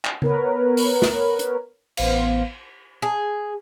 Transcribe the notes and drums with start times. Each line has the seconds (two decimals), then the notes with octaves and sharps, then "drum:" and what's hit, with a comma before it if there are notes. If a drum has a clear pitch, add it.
0.05 drum: clap
0.22 B3 A#4 B4 C#5, drum: tom C#3
0.77 drum: open hi-hat
1.02 drum: snare
1.39 drum: hi-hat
1.97 A1 B3 C5 F5, drum: cymbal
3.02 G#4